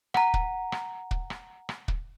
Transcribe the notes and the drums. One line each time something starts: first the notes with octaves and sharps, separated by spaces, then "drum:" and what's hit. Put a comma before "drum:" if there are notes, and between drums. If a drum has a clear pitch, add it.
F#5 A#5, drum: rim click
drum: kick
drum: rim click
drum: kick
drum: rim click
drum: rim click
drum: kick